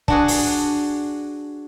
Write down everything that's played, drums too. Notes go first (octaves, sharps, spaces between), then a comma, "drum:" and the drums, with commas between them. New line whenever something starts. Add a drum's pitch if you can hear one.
D4 F#4 G#4, drum: kick
drum: open hi-hat